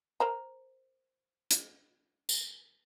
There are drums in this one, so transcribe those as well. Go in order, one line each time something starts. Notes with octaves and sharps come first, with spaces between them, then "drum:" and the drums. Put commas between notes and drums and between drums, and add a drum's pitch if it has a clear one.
A#4 C5 A#5
drum: hi-hat
drum: tambourine